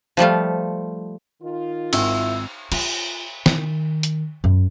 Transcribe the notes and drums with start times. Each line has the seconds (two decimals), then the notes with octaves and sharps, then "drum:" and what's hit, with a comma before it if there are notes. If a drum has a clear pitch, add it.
0.17 F3 G3 A3 F4
1.43 D#3 F4
1.93 G#1 E4 E6, drum: cymbal
2.72 F4, drum: cymbal
3.46 D#3, drum: snare
4.03 drum: hi-hat
4.44 F#2